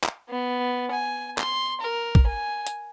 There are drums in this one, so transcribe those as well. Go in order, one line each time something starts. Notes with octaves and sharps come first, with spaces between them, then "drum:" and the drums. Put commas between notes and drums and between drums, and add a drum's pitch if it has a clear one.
drum: clap
B3
G#5
C6, drum: clap
A#4
drum: kick
G#5
drum: hi-hat